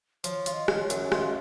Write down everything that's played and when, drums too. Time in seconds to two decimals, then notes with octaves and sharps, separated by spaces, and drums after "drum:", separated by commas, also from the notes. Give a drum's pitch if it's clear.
0.24 F3 C#5, drum: hi-hat
0.46 F4, drum: hi-hat
0.54 D#5
0.68 F4, drum: rim click
0.83 C#5
0.90 F#2, drum: hi-hat
1.12 F4 D#5, drum: rim click